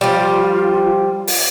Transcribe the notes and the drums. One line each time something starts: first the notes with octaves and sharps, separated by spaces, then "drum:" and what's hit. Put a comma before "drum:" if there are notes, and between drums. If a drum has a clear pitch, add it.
F3 G3 F4
drum: open hi-hat